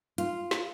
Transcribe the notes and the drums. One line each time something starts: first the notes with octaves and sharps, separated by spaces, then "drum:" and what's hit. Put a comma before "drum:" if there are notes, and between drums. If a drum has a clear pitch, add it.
F4, drum: hi-hat
drum: snare